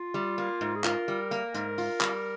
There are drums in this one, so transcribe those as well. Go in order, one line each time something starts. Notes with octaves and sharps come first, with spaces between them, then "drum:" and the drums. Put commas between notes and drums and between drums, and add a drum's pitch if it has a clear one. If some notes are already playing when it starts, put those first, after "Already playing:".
Already playing: F4
G3
A#3
G#2
G#4
F4 A#4, drum: clap
G3
A#3, drum: hi-hat
G#2, drum: hi-hat
F4, drum: open hi-hat
G3, drum: clap